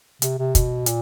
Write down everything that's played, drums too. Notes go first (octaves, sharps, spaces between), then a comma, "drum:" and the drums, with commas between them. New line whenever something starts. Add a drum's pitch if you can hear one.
C3, drum: hi-hat
C3
B2, drum: kick, hi-hat
A#2, drum: hi-hat